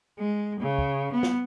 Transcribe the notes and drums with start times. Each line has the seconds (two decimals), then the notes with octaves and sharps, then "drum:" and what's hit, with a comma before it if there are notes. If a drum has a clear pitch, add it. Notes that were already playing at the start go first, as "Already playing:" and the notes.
0.19 G#3
0.60 C#3
0.78 drum: kick
1.12 B3
1.23 drum: snare